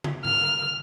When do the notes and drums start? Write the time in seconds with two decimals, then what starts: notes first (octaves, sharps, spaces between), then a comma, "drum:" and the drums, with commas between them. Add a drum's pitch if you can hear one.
0.04 drum: tom
0.25 F6, drum: tom